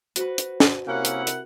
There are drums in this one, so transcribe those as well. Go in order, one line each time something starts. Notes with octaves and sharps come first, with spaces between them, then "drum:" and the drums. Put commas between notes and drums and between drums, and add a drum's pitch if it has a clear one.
F#4 B4 C5, drum: hi-hat
drum: hi-hat
drum: snare
C3 A#3 C#4 E4 A#4 F#5
drum: hi-hat
drum: hi-hat